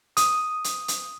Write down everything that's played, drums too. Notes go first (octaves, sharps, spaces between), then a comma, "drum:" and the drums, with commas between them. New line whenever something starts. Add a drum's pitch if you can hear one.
D#6, drum: hi-hat
drum: hi-hat
drum: hi-hat